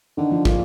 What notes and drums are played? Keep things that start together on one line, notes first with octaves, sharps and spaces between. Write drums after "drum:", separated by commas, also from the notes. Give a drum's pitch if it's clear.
D3 D#3
F3
A#2, drum: kick